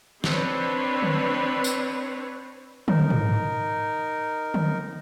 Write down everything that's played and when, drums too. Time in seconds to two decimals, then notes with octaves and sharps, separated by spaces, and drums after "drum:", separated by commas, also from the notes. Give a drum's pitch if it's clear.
0.24 C4 D4 B4 C#5, drum: snare
1.03 drum: tom D3
1.64 drum: tambourine
2.88 D#4 A#4, drum: tom
3.10 drum: tom G#2
4.54 drum: tom D3